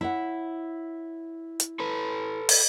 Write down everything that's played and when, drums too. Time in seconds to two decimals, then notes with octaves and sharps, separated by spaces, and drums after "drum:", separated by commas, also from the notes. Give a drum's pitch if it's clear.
0.01 E4 C#5 F#5
1.60 drum: hi-hat
1.80 A4 B4
2.49 drum: open hi-hat